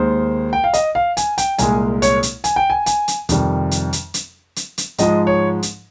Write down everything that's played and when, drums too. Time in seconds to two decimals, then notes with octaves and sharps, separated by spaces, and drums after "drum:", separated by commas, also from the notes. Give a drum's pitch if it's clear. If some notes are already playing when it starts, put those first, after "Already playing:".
Already playing: D#2 D#3 G#3 C5
0.53 G5
0.64 F5
0.73 D#5, drum: hi-hat
0.95 F5
1.17 G#5, drum: hi-hat
1.38 G5, drum: hi-hat
1.58 C2 A#2 G#3 G#5, drum: hi-hat
2.02 C#5, drum: hi-hat
2.23 drum: hi-hat
2.44 G#5, drum: hi-hat
2.56 G5
2.70 G#5
2.86 G#5, drum: hi-hat
3.08 drum: hi-hat
3.29 F2 C3 D#3 G3, drum: hi-hat
3.71 drum: hi-hat
3.93 drum: hi-hat
4.14 drum: hi-hat
4.56 drum: hi-hat
4.78 drum: hi-hat
4.98 G#2 F3 G#3 D#5, drum: hi-hat
5.27 C#5
5.63 drum: hi-hat